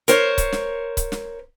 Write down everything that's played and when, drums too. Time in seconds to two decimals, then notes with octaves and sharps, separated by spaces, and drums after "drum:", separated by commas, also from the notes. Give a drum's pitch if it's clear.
0.08 A#4 C5 C#5, drum: hi-hat
0.38 drum: kick C#1, hi-hat
0.52 drum: snare
0.97 drum: kick C#1, hi-hat
1.12 drum: snare